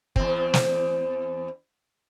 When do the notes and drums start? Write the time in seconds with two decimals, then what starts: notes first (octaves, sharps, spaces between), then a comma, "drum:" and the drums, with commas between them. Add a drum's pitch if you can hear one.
0.16 E2 C4, drum: kick
0.54 drum: snare